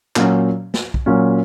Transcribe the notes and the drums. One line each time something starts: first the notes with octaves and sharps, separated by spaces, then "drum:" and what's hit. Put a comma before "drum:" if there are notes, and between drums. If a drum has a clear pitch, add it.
A#2 F#3 C#4, drum: clap
drum: snare
drum: kick
A#2 F#3 C#4